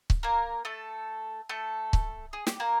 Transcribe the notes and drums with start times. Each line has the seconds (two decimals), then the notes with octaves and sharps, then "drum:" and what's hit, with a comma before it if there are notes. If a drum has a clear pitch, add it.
0.10 drum: kick C#1
0.23 A#3 A#4
0.65 A3 A4
1.49 A3 A4
1.93 drum: kick C#1
2.33 G#4
2.47 G4, drum: snare
2.60 A#3 A#4